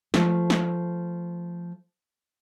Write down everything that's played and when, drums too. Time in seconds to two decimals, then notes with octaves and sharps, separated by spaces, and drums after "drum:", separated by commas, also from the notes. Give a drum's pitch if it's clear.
0.14 F3 A3, drum: snare
0.50 drum: snare